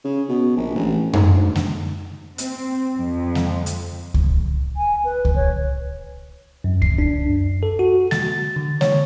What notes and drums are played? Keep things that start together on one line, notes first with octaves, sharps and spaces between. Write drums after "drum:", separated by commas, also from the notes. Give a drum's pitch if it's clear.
C#3
B2
A#1
A1
G#2, drum: tom F#2
D2
drum: snare G#3
C4, drum: hi-hat
F2
drum: snare G#3
drum: hi-hat
drum: kick C#2
G#5
B4
drum: kick C#2
C#5
F#2
C7, drum: kick C#2
D4
F#2
A4
F#4
A6, drum: snare G#3
D3
C#5, drum: snare G#3